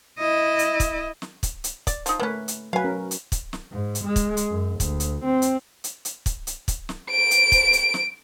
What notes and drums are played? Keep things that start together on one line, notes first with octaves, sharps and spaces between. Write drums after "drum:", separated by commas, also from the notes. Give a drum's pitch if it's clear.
E4 D#5
drum: hi-hat
drum: kick, hi-hat
drum: snare
drum: kick, hi-hat
drum: hi-hat
D5, drum: kick, hi-hat
F3 D#4, drum: hi-hat
A3 A#3 C#4 B4
drum: hi-hat
F#3 B4 F5 G#5
C#4 A#4
drum: hi-hat
drum: kick, hi-hat
drum: snare
G#2
drum: hi-hat
G#3
drum: kick, hi-hat
drum: hi-hat
F#2
D2, drum: kick, hi-hat
drum: hi-hat
C4
drum: hi-hat
drum: hi-hat
drum: hi-hat
drum: kick, hi-hat
drum: hi-hat
drum: kick, hi-hat
drum: snare
D7
drum: hi-hat
drum: kick, hi-hat
drum: hi-hat
drum: snare